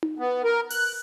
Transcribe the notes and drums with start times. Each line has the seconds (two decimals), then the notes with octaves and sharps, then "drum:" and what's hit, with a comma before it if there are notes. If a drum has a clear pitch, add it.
0.03 drum: tom D#4
0.19 B3
0.44 A#4
0.70 F#6, drum: open hi-hat